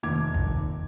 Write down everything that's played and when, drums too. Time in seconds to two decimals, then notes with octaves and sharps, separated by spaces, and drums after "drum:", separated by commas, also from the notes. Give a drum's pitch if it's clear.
0.03 F1 D#2 D#3 D6 G#6
0.34 drum: kick